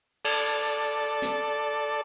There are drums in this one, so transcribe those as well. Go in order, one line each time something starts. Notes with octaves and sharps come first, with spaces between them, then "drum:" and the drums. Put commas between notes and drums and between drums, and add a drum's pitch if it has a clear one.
A4 D5, drum: cymbal
drum: hi-hat